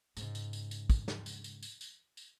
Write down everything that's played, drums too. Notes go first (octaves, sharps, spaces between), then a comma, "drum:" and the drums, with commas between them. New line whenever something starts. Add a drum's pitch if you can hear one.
G#2 C#3, drum: tambourine
drum: tambourine
drum: tambourine
drum: tambourine
drum: kick, tambourine
drum: snare
drum: tambourine
drum: tambourine
drum: tambourine
drum: tambourine
drum: tambourine